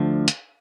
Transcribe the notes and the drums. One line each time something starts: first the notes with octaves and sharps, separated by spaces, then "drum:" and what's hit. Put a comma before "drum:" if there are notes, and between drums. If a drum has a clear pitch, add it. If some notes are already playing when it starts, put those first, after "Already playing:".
Already playing: D2 D3 F3
drum: hi-hat